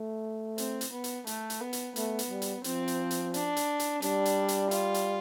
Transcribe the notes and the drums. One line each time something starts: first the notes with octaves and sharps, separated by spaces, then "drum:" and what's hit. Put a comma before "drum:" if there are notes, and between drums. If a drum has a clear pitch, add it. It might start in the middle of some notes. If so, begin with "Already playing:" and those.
Already playing: A3
C4, drum: hi-hat
drum: hi-hat
B3
drum: hi-hat
A3, drum: hi-hat
drum: hi-hat
B3
drum: hi-hat
A3 B3, drum: hi-hat
drum: hi-hat
G3
drum: hi-hat
F3 C4, drum: hi-hat
drum: hi-hat
drum: hi-hat
D4, drum: hi-hat
drum: hi-hat
drum: hi-hat
G3 D4, drum: hi-hat
drum: hi-hat
drum: hi-hat
F4, drum: hi-hat
drum: hi-hat